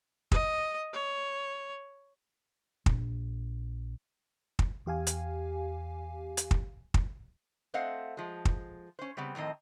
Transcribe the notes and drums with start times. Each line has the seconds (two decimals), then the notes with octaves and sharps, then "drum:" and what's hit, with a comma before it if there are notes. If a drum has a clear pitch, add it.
0.32 D#5, drum: kick
0.93 C#5
2.86 A#1, drum: kick
4.59 drum: kick
4.86 E2 G4 F5 G#5
5.07 drum: hi-hat
6.37 drum: hi-hat
6.51 drum: kick
6.94 drum: kick
7.74 A3 C4 C5 D#5 F5 F#5
8.17 F3 G#3
8.45 drum: kick
8.99 C#4 C5
9.17 C#3 G3 B3 C4
9.35 F2 A2 D#3 C4 D#5